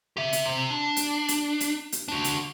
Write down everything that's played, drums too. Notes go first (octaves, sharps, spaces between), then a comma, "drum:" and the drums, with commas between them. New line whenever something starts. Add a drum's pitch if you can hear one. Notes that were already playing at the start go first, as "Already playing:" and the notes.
G4 E5
drum: hi-hat
C3
D4
drum: hi-hat
drum: hi-hat
drum: hi-hat
drum: hi-hat
D4 F#4
drum: hi-hat